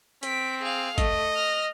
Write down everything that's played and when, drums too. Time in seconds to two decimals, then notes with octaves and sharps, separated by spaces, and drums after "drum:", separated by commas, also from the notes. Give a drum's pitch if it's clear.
0.23 C4 B6 D7, drum: hi-hat
0.62 G#4 F5
0.98 A3 D#5, drum: kick G#1, hi-hat
1.33 F6 A#6